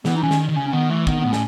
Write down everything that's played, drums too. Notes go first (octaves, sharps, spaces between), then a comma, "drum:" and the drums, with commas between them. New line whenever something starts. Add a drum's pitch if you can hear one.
E3 B3, drum: snare
D#4
E3 C#4
D#3, drum: snare
D#3
C#3 C#4
C#4
D#3 B3
E3 A3
D#3 B3, drum: kick
A2 B3
C#4, drum: snare